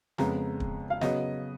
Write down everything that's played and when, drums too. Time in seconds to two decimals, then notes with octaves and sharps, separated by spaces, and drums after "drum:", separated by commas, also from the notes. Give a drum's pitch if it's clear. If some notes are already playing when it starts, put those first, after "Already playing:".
0.18 F2 C#3 G#3 B3 A#5, drum: snare
0.60 drum: kick
0.90 F5
1.01 C#3 F#3 B3 D#5, drum: snare